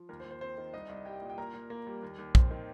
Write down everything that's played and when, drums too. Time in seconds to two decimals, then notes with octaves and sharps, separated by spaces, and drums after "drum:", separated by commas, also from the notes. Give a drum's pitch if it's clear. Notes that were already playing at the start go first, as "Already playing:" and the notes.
Already playing: F3
0.09 D#2 A#4
0.20 C5
0.25 D#2
0.31 C5
0.41 C4 C5
0.58 D#3
0.73 C2 D#4 D#5
0.89 C2
1.05 G3 G4 G5
1.22 A#2
1.30 G5
1.38 A#2 A#4 A#5
1.54 A#2
1.70 A#3
1.87 G3
2.03 D#2
2.18 D#2
2.35 C4, drum: kick
2.51 D#3